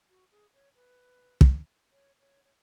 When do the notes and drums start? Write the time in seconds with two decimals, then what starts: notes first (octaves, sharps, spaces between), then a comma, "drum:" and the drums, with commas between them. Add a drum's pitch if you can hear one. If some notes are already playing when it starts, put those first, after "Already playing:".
0.09 F#4
0.31 G#4
0.54 C#5
0.75 B4
1.41 drum: kick
1.91 C#5
2.20 C#5
2.45 C#5